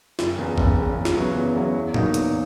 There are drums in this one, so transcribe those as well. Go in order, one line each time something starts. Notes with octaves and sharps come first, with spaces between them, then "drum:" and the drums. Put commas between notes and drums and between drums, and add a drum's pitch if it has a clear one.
F#1, drum: snare
E2 C#3
F#1, drum: kick
E2 C#3
E2
drum: snare
C#3 F#3 B3 E4
E2
C#3 F#3 B3 E4
E2
B2 F#3 A#3 D#4, drum: tom A2
E2, drum: hi-hat